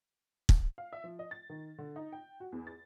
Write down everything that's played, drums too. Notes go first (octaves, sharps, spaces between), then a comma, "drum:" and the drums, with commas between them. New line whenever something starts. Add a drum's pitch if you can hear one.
drum: kick
F5
E5
F3
D#5
A6
D#3
D3
D#4
G5
F#4
E2
A6